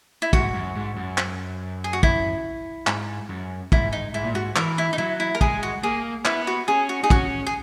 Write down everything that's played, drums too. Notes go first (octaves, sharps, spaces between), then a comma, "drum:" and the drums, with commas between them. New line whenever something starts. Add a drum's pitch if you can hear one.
E4
G#2 F#4, drum: kick
F#2
G#2
F#2
drum: clap
G#4
F#4
E4, drum: kick
G#2, drum: clap
F#2
G#2 E4, drum: kick
D#4
G#2 E4
A#2
G#2 F#4
E3 A#4, drum: clap
E4
D#4
F#3 E4
E4
A#4
G#3 G#4, drum: kick
F#4
A#3 G#4
B3 E4, drum: clap
F#4
C#4 G#4
F#4
D#4 G#4
C#4 F#4, drum: kick
G#4